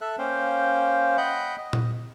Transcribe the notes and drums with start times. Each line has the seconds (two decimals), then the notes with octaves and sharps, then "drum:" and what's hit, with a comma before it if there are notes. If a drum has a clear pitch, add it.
0.01 A4 E5 F#6
0.19 A#3 C#4 C5 F5 G5
1.17 D#5 F#5 G5 B5 G6
1.58 D#5
1.73 drum: tom A#2